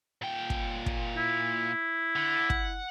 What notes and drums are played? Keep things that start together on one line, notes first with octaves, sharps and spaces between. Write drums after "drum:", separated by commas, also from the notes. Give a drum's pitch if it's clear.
A#2 G5
drum: kick
drum: kick
E4
D3
F#5, drum: kick